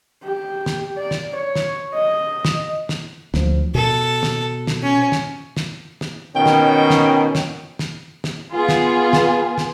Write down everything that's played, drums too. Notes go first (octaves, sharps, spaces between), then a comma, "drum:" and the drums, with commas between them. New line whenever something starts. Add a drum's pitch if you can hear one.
G4
drum: snare
D5
drum: snare
C#5
drum: snare
D#5
drum: snare
drum: snare
D2 F3, drum: snare
B2 A4
drum: snare
drum: snare
C#4
drum: snare
drum: snare
drum: snare
B2 D#3 C#4 G5
drum: snare
drum: snare
drum: snare
drum: snare
drum: snare
B3 F4 G#4
drum: snare
drum: snare
drum: snare